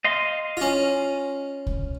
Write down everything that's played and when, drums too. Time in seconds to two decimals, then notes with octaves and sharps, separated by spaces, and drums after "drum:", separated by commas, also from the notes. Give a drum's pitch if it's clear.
0.04 D#5 F5 C6
0.57 C#4 F4
1.67 drum: kick C2